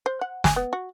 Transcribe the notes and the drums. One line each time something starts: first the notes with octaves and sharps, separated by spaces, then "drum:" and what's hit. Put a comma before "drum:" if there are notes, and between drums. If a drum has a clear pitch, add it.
C5
F#5
G#5, drum: snare
B3
F#4